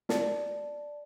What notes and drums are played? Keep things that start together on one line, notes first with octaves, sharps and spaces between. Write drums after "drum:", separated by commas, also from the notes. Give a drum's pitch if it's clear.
D5 A5, drum: snare